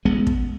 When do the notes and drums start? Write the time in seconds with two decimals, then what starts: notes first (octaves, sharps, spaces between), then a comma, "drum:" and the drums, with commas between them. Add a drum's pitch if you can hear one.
0.05 A1 A2 G#3 B3
0.27 drum: kick